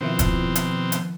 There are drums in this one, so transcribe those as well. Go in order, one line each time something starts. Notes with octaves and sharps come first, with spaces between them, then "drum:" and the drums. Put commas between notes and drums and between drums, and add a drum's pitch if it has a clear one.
B2 D#3 F3 C4 E4
drum: kick, hi-hat
drum: hi-hat
drum: hi-hat